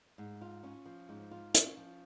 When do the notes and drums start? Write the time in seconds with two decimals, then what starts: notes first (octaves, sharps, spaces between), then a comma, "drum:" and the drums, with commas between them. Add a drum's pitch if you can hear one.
0.18 G#2
0.41 F4
0.63 C#4
0.86 F3
1.09 G#2
1.31 F4
1.54 C#4, drum: hi-hat
1.77 F3